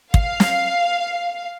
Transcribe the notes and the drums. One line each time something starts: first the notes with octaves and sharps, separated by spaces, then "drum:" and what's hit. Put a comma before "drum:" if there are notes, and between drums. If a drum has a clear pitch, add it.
F5, drum: kick
drum: snare